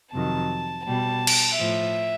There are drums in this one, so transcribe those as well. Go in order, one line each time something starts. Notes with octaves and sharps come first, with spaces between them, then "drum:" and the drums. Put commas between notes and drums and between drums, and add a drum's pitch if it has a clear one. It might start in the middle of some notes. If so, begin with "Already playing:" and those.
F2 C3 D#3 F#3 A5
B2 G3 A5
drum: cymbal
A2 F3 E5